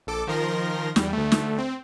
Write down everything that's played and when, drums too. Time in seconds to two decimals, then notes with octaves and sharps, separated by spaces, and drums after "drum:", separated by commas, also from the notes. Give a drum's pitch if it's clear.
0.07 A#1 A4 D6
0.27 D#3 F3 A#4 C6 A#6
0.96 E2 G3, drum: snare
1.13 D2 A3
1.32 drum: snare
1.59 C4